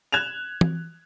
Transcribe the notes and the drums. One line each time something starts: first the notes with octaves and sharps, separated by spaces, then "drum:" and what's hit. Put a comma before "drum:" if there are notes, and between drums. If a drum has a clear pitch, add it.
F#6 G#6 E7 F7
drum: tom